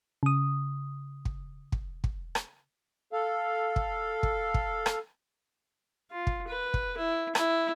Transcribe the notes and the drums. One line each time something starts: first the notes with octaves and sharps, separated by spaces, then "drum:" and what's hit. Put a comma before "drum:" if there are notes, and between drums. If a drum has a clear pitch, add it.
C#3 D#6
drum: kick
drum: kick
drum: kick
drum: rim click
A4 F5
drum: kick
drum: kick
drum: kick
drum: rim click
F4
drum: kick
B4
drum: kick
E4
E4, drum: rim click